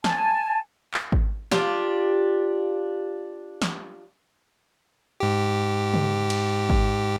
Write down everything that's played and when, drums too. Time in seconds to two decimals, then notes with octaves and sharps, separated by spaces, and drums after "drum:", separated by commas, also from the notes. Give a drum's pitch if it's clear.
0.04 G#5 A5, drum: snare
0.94 drum: clap
1.12 drum: kick G#1
1.52 D4 F4 G4, drum: snare
3.62 drum: snare
5.20 G#2 G4
5.94 drum: tom C#3
6.30 drum: cymbal
6.70 drum: kick G#1